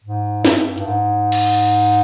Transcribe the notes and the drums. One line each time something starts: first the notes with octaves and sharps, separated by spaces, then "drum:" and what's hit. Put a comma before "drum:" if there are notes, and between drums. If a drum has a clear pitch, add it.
G#2
G2, drum: snare
drum: hi-hat
G2, drum: hi-hat
G#2
drum: cymbal